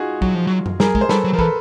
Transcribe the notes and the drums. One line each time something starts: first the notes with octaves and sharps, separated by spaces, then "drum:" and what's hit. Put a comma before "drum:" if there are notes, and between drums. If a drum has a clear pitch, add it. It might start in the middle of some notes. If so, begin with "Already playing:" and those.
Already playing: D#4 F4 F#4 G#4
F#3, drum: kick
F3
F#3
drum: tom F#2
G3 G#4 A#4, drum: snare
G#3, drum: kick
C5
G3 A4 B4, drum: snare
F#3
F3 A#4
E3 A4 B4, drum: kick